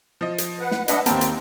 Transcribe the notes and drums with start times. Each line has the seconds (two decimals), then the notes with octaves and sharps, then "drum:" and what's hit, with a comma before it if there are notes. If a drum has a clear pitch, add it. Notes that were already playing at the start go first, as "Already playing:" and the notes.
0.21 F3 D#5
0.38 drum: hi-hat
0.59 B4 F#5
0.71 drum: snare
0.88 D4 B4 D#5 E5 F#5 B5, drum: hi-hat
1.06 D#2 A#3 C4 G5 A5 B5, drum: hi-hat
1.21 drum: hi-hat